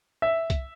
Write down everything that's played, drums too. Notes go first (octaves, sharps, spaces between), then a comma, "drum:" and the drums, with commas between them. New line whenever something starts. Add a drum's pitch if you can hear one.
E5
drum: kick C2, hi-hat